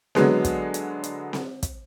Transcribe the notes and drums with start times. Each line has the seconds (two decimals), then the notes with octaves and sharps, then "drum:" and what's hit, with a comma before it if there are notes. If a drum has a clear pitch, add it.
0.15 D3 F#3 G#3 B3, drum: snare C4
0.45 drum: kick, hi-hat
0.74 drum: hi-hat
1.04 drum: hi-hat
1.33 drum: snare C4
1.63 drum: kick, hi-hat